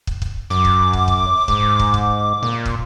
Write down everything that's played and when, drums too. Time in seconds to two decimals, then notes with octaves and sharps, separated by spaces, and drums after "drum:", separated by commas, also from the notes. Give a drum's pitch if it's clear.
0.07 drum: kick
0.22 drum: kick
0.50 F#2 D6
0.65 drum: kick
0.93 drum: kick
1.08 drum: kick
1.48 G#2, drum: kick
1.79 drum: kick
1.94 drum: kick
2.43 A#2
2.66 drum: kick